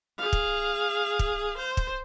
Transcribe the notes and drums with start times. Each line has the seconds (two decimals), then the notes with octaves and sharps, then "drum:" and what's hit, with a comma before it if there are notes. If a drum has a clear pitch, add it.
0.18 G#4 F5
0.33 drum: kick
1.19 drum: kick
1.58 C5
1.77 drum: kick